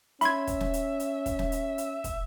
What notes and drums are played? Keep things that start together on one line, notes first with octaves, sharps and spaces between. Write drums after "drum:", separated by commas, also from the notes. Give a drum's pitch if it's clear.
C#4 E5 B5 C6 G#6, drum: hi-hat
drum: kick, hi-hat
drum: snare
drum: hi-hat
drum: hi-hat
drum: kick, hi-hat
drum: snare
drum: hi-hat
drum: hi-hat
drum: kick, hi-hat